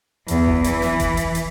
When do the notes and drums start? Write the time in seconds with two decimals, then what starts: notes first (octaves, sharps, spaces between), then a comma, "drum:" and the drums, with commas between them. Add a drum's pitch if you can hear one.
0.28 E2, drum: hi-hat
0.47 drum: kick F1
0.64 E3, drum: hi-hat
0.82 drum: snare
1.00 drum: kick F1, hi-hat
1.17 drum: hi-hat
1.35 drum: hi-hat